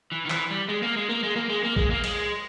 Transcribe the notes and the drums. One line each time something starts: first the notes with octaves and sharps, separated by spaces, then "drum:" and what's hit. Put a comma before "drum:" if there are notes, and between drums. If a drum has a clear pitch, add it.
E3
D#3
E3, drum: clap
G3
G#3
A#3
G#3
A#3
G#3
A#3
G#3
A#3
G#3, drum: kick
A#3
G#3, drum: cymbal